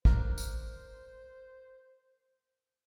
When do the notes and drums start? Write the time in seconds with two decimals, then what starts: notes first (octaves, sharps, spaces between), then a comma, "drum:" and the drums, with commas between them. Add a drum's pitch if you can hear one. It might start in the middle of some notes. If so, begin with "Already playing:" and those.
0.05 D4 A#4 C5, drum: kick
0.38 drum: tambourine